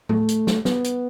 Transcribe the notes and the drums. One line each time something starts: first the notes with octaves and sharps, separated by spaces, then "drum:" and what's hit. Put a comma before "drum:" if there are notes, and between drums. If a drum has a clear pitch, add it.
A3, drum: tom A2
drum: hi-hat
drum: snare
B3, drum: snare
drum: hi-hat